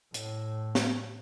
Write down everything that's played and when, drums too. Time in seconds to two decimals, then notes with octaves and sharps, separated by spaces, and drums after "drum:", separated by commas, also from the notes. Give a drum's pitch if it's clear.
0.14 A2, drum: hi-hat
0.75 drum: snare